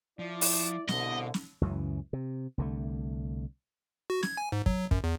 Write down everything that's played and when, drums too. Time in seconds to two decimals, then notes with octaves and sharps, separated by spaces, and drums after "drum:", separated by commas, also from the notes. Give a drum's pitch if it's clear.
0.19 F3 E4 D5
0.41 drum: open hi-hat
0.88 C2 B2 D3 D#5, drum: snare
1.34 drum: snare
1.61 C#2 F#2 C#3 E3
2.13 C3
2.58 C2 D3 A3
4.10 F#4
4.23 G#6, drum: snare
4.37 G#5
4.52 G#2
4.66 F#3, drum: kick
4.91 F#2, drum: kick
5.04 E2